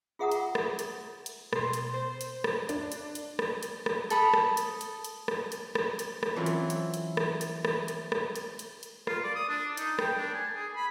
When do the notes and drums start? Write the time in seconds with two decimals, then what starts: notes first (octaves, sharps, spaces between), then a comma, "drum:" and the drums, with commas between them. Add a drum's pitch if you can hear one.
0.19 F4 G#4 E5 F#5 A#5 D#6
0.32 drum: hi-hat
0.55 drum: rim click
0.79 drum: hi-hat
1.26 drum: hi-hat
1.53 B2 C6, drum: rim click
1.73 drum: hi-hat
1.94 C5
2.21 drum: hi-hat
2.44 drum: rim click
2.69 D4, drum: hi-hat
2.92 drum: hi-hat
3.15 drum: hi-hat
3.39 drum: rim click
3.63 drum: hi-hat
3.86 drum: rim click
4.10 A4 B5 D#6, drum: hi-hat
4.34 drum: rim click
4.57 drum: hi-hat
4.81 drum: hi-hat
5.04 drum: hi-hat
5.28 drum: rim click
5.52 drum: hi-hat
5.75 drum: rim click
5.99 drum: hi-hat
6.23 drum: rim click
6.36 E3 F#3 C4 C#4 E4 F4
6.46 drum: hi-hat
6.70 drum: hi-hat
6.94 drum: hi-hat
7.17 drum: rim click
7.41 drum: hi-hat
7.65 drum: rim click
7.88 drum: hi-hat
8.12 drum: rim click
8.36 drum: hi-hat
8.59 drum: hi-hat
8.83 drum: hi-hat
9.07 F4, drum: rim click
9.23 D5
9.35 D#6
9.49 D4
9.77 D#4, drum: hi-hat
9.99 G5, drum: rim click
10.17 D4
10.34 G#5
10.54 G#4
10.76 B5